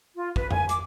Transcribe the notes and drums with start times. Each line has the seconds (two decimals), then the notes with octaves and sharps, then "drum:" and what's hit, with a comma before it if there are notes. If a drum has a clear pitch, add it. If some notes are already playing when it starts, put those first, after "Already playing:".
0.16 F4
0.36 B4, drum: kick
0.51 G#5, drum: tom F2
0.69 D6, drum: hi-hat